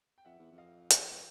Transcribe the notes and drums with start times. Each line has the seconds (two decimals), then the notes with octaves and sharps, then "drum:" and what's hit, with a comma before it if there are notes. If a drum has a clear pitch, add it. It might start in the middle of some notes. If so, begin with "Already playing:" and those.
0.18 G5
0.25 F2 E5 F#5
0.39 E2
0.52 F2
0.58 D#5 F5
0.90 D5 E5, drum: hi-hat
1.01 C5 D5
1.12 B4 C#5